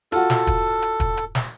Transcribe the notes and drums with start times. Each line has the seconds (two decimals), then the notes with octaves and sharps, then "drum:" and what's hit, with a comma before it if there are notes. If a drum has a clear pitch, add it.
0.12 F4 F#4 A4, drum: hi-hat
0.30 drum: snare
0.47 drum: kick, hi-hat
0.82 drum: hi-hat
1.00 drum: kick, hi-hat
1.17 drum: hi-hat
1.35 drum: snare